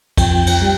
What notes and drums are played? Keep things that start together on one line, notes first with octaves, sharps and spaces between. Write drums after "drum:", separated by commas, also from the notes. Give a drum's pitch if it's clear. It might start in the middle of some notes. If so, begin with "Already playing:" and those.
F2 G5, drum: kick, cymbal
drum: cymbal
G3